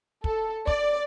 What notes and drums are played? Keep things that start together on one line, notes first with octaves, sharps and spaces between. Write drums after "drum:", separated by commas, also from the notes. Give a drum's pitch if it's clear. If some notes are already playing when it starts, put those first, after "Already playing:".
A4, drum: kick
D5, drum: kick